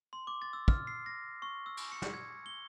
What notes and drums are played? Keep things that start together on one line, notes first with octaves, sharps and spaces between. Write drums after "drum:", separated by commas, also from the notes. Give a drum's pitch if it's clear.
C6
D6
A6
E6
F6, drum: kick
C7
A#6
C#6
E6
drum: cymbal
C#7
drum: snare
G#6
G7